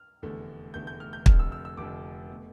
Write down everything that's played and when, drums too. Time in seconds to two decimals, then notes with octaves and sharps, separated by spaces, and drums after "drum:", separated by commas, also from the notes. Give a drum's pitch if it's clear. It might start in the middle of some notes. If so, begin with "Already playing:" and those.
Already playing: F6
0.22 F1 E2 D3 A3
0.74 F1 E2 D3 A3 G6
0.87 G6
1.00 F6
1.13 G6
1.26 F1 F2 D3 F6, drum: kick
1.39 E6
1.52 E6
1.65 E6
1.77 F1 F2 D3 D6
2.29 B2 A3